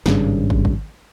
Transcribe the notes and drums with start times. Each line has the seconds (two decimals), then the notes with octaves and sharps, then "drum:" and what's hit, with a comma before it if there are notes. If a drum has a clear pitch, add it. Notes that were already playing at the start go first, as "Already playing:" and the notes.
0.06 G#1 G2 C#3, drum: snare
0.50 drum: kick
0.65 drum: kick